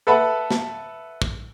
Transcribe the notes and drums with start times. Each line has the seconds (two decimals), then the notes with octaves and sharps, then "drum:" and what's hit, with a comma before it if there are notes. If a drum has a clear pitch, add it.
0.07 A4 B4 E5 F#5 A5 B5
0.51 drum: snare
1.22 drum: kick